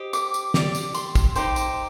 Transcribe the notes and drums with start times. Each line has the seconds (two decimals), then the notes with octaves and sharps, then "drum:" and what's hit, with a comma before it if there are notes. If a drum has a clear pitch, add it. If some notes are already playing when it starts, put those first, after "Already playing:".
Already playing: G4 C5 D#5
0.13 D6, drum: tambourine
0.34 drum: tambourine
0.54 G4 D5, drum: snare
0.75 drum: tambourine
0.94 C6, drum: tambourine
1.15 drum: kick, tambourine
1.36 D#4 G4 C5 C6, drum: tambourine
1.56 drum: tambourine